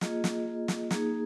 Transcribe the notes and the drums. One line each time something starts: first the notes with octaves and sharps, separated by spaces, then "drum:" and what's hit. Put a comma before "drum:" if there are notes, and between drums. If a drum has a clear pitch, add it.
A#3 F4 G#4 D#5, drum: snare
drum: snare
drum: snare
A#3 D#4 G#4, drum: snare